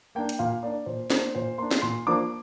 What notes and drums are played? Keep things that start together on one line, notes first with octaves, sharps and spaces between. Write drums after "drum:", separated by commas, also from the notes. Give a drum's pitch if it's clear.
A#3 D4 G5
drum: hi-hat
A#2 F5
A#3 D4 D5
A#2 C5
A#3 D4 C5, drum: snare
A#2 C5
A#3 D4 C6
drum: snare
A#2 C6
F3 A#3 D4 D6